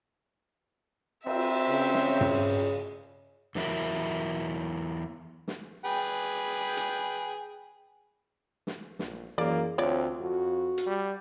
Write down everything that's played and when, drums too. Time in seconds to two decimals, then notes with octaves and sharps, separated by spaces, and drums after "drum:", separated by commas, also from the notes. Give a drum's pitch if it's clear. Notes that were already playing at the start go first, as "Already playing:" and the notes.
1.27 C4 E5, drum: cymbal
1.70 C#3
1.94 drum: snare
2.21 drum: tom
3.55 E2 F#3 E4 A#4, drum: snare
5.48 drum: snare
5.85 G#4 B4 G5
6.77 drum: hi-hat
8.67 drum: snare
8.99 A#1, drum: snare
9.38 F#2 E3 A#3 G#4 D5
9.78 D2 C4 F4 C#5 D5
10.21 F2 F#4
10.78 drum: hi-hat
10.87 G3